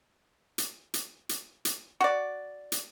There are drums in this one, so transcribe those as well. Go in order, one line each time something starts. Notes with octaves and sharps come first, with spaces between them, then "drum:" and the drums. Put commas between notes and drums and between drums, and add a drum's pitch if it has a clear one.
drum: hi-hat
drum: hi-hat
drum: hi-hat
drum: hi-hat
F#4 D5
drum: hi-hat